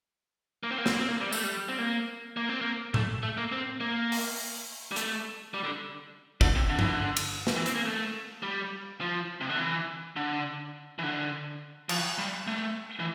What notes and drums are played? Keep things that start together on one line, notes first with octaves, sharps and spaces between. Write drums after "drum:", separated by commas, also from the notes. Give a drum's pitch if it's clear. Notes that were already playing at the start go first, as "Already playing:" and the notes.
A#3
C4
A#3
C4, drum: snare
A#3
C4
A#3
G3
A3, drum: tambourine
G3
C4
A#3
A#3
C4
A#3
A3, drum: tom A2
A3
A#3
C4
A#3
drum: open hi-hat
G3
A3, drum: hi-hat
G3
D3
D3, drum: kick
C3
D3
E3, drum: tom G2
D3
drum: cymbal
drum: snare
E3
C4, drum: hi-hat
A#3
A3
G3
F3
C3
D3
E3
D3
E3
D3
F3, drum: cymbal
G3
A3
E3